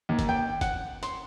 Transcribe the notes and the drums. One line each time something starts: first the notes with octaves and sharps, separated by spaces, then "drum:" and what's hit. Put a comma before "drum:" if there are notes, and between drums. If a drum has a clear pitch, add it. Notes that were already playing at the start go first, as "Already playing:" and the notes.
D#2
drum: kick, hi-hat
G5
F#5, drum: kick, hi-hat
C6, drum: hi-hat